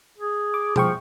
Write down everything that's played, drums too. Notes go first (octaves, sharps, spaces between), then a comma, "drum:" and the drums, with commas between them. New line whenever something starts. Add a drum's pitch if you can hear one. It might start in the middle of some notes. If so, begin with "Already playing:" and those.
G#4
D6
F3 G#4 G5 C#6, drum: tom B2